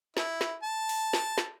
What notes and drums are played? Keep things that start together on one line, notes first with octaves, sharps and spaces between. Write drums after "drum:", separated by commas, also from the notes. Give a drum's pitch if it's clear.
E4, drum: snare
drum: snare
A5
drum: open hi-hat
drum: snare
drum: snare